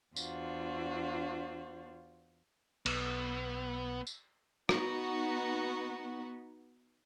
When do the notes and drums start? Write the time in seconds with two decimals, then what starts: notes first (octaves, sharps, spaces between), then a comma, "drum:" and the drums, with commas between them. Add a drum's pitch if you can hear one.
0.16 E2 D4 F4 F#4 C5, drum: tambourine
2.86 B1 B3, drum: cymbal
4.07 drum: tambourine
4.69 B3 D#4 F#4, drum: rim click